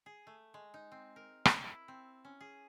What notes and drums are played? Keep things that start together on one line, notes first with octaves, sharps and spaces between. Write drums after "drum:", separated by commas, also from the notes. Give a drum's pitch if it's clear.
G#4
A3
G#3
D#4
C4
A#4
drum: rim click
E4
C4
C#4
G#4